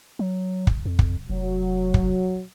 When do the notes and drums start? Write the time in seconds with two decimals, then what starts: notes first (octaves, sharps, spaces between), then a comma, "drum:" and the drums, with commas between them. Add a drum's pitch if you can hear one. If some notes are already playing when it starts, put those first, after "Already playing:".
0.19 F#3
0.67 drum: kick
0.85 F2
0.99 drum: kick
1.30 F1 F#3
1.94 drum: kick